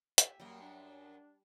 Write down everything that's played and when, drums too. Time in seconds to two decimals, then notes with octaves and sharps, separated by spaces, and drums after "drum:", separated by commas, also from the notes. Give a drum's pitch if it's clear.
0.18 G4 E5 G#5, drum: hi-hat
0.40 F#2 F#3 G3 A#3 D#5 G5
0.61 D4